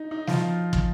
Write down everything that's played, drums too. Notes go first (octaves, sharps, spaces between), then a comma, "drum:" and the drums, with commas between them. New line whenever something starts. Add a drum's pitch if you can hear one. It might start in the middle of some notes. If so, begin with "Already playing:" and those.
Already playing: D#4
D#4
F3 F4, drum: snare
drum: kick